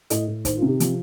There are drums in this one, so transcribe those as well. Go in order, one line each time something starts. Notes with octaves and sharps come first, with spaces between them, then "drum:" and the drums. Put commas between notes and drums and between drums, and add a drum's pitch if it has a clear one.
A2 D#5, drum: hi-hat
A2
D#3 C5, drum: kick, hi-hat
F4
C3
G4
F3, drum: hi-hat